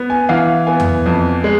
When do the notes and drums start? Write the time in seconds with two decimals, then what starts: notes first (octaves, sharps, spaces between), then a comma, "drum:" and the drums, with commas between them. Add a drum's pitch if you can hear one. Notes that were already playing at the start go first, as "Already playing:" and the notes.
Already playing: B3
0.10 G#5
0.29 E3 F5
0.67 B3 G#5
0.80 drum: tom E2
1.06 F2
1.44 G#3